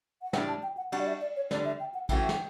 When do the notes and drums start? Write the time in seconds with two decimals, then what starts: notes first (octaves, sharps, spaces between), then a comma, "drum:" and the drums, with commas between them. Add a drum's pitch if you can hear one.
0.22 F#5
0.33 A2 G3 D4 G5, drum: snare
0.48 A5
0.63 G5
0.77 F#5
0.92 G3 D4 F#4 F#5, drum: cymbal
1.00 D5
1.07 E5
1.21 D5
1.36 C#5
1.51 D3 G3 D4 D5, drum: snare
1.65 E5
1.80 G5
1.94 F#5
2.09 A2 E3 A3 C#4 F#4 G5, drum: kick, cymbal
2.29 drum: snare